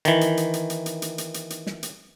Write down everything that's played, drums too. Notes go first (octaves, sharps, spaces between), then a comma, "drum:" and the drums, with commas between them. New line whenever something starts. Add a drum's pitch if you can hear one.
D#3 E3, drum: hi-hat
drum: hi-hat
drum: hi-hat
drum: hi-hat
drum: hi-hat
drum: hi-hat
drum: hi-hat
drum: hi-hat
drum: hi-hat
drum: hi-hat
drum: snare
drum: hi-hat